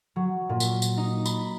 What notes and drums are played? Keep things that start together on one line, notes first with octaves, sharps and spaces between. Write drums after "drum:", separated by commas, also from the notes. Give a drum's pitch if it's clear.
F#3
A#2
drum: tambourine
drum: tambourine
D#4
B5, drum: tambourine